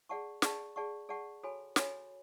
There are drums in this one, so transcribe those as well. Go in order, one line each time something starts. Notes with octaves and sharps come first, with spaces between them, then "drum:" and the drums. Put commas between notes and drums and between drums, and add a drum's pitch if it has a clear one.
G#4 D5 F#5 A5 C#6
G#4 D5 F#5 A5 C#6, drum: snare
G#4 D5 F#5 A5 C#6
G#4 D5 F#5 A5 C#6
F#4 A4 C#5 G#5 B5
F#4 A4 C#5 G#5 B5, drum: snare